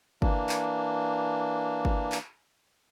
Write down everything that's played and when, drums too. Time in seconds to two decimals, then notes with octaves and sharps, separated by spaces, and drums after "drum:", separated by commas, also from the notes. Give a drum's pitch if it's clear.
0.22 E3 A#3 D4, drum: kick G1
0.49 drum: clap
1.85 drum: kick G1
2.12 drum: clap